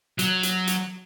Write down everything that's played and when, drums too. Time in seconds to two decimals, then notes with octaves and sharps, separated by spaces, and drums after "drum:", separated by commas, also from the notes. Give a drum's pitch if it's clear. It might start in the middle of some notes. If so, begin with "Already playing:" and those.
0.19 F#3, drum: hi-hat
0.43 drum: hi-hat
0.67 drum: hi-hat